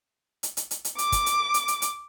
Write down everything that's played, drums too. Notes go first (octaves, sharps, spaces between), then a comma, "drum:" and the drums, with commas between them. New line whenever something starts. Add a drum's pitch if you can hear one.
drum: hi-hat
drum: hi-hat
drum: hi-hat
drum: hi-hat
D6, drum: hi-hat
drum: kick, hi-hat
drum: hi-hat
drum: hi-hat
drum: hi-hat
drum: hi-hat